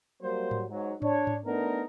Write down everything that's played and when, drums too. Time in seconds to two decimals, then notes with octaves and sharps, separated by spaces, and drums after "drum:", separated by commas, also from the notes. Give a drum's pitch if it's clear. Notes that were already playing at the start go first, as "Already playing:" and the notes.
0.23 F#3 G3 A#3 C5
0.51 drum: tom G#2
0.69 G#2 F#3
1.02 D4 C#5, drum: tom G#2
1.27 drum: tom G#2
1.45 A3 B3 D4 D#4 A#4